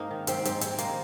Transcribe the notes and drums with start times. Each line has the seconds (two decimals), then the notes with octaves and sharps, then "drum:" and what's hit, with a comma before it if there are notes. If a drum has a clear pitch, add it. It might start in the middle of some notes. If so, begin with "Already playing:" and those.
Already playing: G#2 G#3 A#3 C4 D#4
0.11 D#3
0.27 G#2 C4, drum: hi-hat
0.45 G#2 C4, drum: hi-hat
0.61 G#3 C4, drum: hi-hat
0.78 D#3 A#3, drum: hi-hat